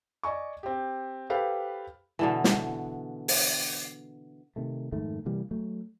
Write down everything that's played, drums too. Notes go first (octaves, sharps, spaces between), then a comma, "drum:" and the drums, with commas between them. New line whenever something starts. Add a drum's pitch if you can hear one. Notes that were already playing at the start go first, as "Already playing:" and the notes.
D5 D#5 G#5 C#6
C4 G4
G4 A4 B4 C5 F5
B2 D3 E3
drum: snare
drum: open hi-hat
C3 D#3 A3
F2 G#2 D#3 A3
C3 E3 G3 A#3
F#3 A3